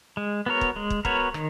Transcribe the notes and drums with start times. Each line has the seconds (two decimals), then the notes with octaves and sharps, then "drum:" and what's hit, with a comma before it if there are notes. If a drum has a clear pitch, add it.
0.17 G#3
0.46 B3 F#4 A#4 C#5
0.61 drum: kick
0.76 G#3
0.90 drum: kick
1.05 B3 F#4 A#4 C#5, drum: kick
1.34 D#3, drum: rim click